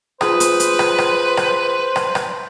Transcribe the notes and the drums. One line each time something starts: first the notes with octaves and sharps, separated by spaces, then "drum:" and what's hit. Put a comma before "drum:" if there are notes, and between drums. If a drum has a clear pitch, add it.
F4 G#4 B4 C5 D#6, drum: rim click
drum: hi-hat
drum: hi-hat
drum: rim click
drum: rim click
drum: rim click
drum: rim click
drum: rim click